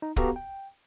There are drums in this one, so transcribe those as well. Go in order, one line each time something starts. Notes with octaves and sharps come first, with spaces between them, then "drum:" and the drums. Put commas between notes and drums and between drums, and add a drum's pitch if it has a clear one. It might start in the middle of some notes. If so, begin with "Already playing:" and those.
D#4
B3 F#4 G4 A4 F5 A#5, drum: kick
G5